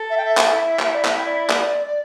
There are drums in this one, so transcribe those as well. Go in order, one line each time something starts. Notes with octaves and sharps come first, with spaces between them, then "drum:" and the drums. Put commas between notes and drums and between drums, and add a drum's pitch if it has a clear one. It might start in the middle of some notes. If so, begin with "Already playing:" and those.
Already playing: A4
E5
G5
E5
drum: clap
E4
drum: clap
D5
E5, drum: clap
G5
D5
drum: clap